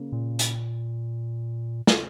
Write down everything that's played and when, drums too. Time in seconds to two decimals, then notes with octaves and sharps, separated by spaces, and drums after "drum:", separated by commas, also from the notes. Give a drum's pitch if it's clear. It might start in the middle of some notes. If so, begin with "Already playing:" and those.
Already playing: C#3 A#3
0.12 A#2
0.39 drum: hi-hat
1.87 drum: snare